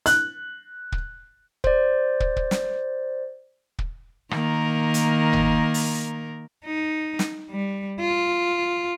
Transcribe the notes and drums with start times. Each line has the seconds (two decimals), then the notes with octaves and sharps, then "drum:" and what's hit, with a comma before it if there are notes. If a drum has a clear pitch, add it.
0.06 F#6, drum: hi-hat
0.92 drum: kick
1.64 C5 D5, drum: kick
2.20 drum: kick
2.36 drum: kick
2.51 drum: snare
3.79 drum: kick
4.31 D#3 A#3 A#4, drum: rim click
4.94 drum: hi-hat
5.33 drum: tom G1
5.74 drum: open hi-hat
6.65 D#4
7.19 drum: snare
7.50 G3
8.00 F4